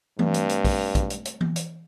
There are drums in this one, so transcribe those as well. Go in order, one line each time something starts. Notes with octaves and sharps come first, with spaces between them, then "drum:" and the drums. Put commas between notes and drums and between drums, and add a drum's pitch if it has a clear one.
G2 G3 A3 C4, drum: tom E3
drum: hi-hat
drum: hi-hat
drum: kick, open hi-hat
drum: kick, hi-hat
drum: hi-hat
drum: hi-hat
drum: tom E3
drum: hi-hat